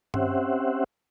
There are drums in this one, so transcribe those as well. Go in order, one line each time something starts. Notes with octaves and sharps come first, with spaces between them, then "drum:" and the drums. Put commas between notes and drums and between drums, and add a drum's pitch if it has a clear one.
C4 C#4 G4 C5 E5 F#5, drum: tom G2